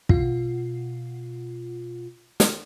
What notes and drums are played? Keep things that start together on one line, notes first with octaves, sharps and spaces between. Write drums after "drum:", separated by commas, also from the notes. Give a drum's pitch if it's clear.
B2 F4, drum: kick
drum: snare